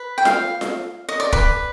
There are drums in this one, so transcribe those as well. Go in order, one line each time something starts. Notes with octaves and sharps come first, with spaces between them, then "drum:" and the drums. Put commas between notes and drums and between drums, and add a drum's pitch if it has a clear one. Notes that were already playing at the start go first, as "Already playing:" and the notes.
Already playing: B4
G5
F5, drum: snare F4
drum: snare F4
D#5
D5
B4, drum: kick